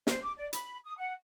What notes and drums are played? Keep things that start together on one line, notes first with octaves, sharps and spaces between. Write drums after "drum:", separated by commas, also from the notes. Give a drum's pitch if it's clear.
C5, drum: snare
D6
D5
B5, drum: hi-hat
D#6
F#5